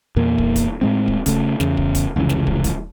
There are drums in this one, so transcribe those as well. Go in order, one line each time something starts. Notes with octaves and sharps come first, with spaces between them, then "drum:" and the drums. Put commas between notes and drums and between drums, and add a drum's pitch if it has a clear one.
E2 A#2 A#3
drum: kick
drum: kick, hi-hat
A2 G#3 C4
drum: kick
C#3 A3, drum: kick, hi-hat
E2 C#3, drum: snare
drum: kick
drum: kick, hi-hat
F1 C#2 C#3 E3
drum: snare
drum: kick
drum: kick, hi-hat